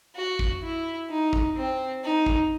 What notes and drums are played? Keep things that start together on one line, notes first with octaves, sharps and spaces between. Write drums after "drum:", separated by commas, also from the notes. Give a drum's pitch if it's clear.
F#4
drum: kick A1
E4
D#4
drum: kick A1
C4
D#4
drum: kick A1